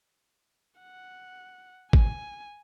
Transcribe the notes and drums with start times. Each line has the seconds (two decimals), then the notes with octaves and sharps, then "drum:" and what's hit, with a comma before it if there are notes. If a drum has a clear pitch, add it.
0.80 F#5
1.93 G#5, drum: kick G#1